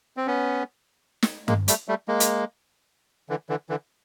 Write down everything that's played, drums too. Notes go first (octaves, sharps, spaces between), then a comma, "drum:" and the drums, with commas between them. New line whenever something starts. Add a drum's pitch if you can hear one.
C4
B3 C#4
drum: snare
G#3 A#3, drum: tom G2
G3 A3, drum: hi-hat
G3 A3
G#3 A#3
drum: hi-hat
D3 E3
D3 E3
D3 E3